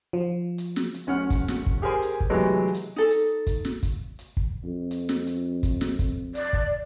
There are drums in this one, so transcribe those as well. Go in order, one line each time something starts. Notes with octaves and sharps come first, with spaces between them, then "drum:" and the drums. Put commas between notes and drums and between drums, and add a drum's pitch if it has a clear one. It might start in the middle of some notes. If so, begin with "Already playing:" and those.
F3
drum: hi-hat
drum: snare
drum: hi-hat
D1 C#4 F#5 F6
drum: kick, hi-hat
drum: snare
drum: kick
G4 G#4 A#4 C5 G#5
drum: hi-hat
drum: kick
C3 E3 F#3 G#3 A3 B3
drum: hi-hat
D#4 A4
drum: hi-hat
drum: kick, hi-hat
drum: snare
drum: kick, hi-hat
drum: hi-hat
drum: kick
F2
drum: hi-hat
drum: snare
drum: hi-hat
drum: kick, hi-hat
drum: snare
drum: kick, hi-hat
D5, drum: hi-hat
drum: kick